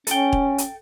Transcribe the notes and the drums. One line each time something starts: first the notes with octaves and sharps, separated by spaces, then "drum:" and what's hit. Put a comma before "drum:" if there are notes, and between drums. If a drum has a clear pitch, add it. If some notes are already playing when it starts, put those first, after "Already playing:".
C#4 A4 G5, drum: hi-hat
drum: kick E1
drum: hi-hat